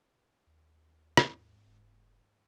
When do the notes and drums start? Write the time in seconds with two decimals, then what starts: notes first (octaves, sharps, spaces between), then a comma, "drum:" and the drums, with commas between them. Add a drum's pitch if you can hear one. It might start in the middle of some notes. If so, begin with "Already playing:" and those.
0.47 D#2
1.17 G#1, drum: rim click
1.67 F1